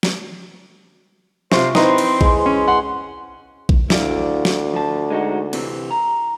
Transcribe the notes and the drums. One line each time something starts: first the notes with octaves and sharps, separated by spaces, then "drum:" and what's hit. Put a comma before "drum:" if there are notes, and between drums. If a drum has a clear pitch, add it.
drum: snare
C3 F4 C5 C#6, drum: snare
C4 D#4 E4 B4 C5, drum: snare
drum: cymbal
G#3, drum: kick A#1
C#4
F#5 C6
drum: kick A#1
D2 E4 D5 F5, drum: snare
drum: snare
F3 A5
G#3 D#4 F#4
C3 E3 C4, drum: cymbal
A#5